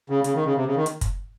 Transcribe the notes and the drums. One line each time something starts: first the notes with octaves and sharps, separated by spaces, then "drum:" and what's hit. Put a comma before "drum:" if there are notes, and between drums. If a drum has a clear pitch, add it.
C#3
C#3, drum: hi-hat
D#3
C#3
C3
C#3
D#3
drum: hi-hat
drum: kick, hi-hat